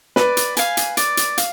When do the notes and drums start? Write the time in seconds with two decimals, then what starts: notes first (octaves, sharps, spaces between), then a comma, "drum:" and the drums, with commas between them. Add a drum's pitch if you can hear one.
0.16 B4 D5, drum: snare
0.37 drum: hi-hat
0.57 F5 G#5, drum: hi-hat
0.77 drum: hi-hat
0.97 D5, drum: hi-hat
1.17 drum: hi-hat
1.38 F5, drum: hi-hat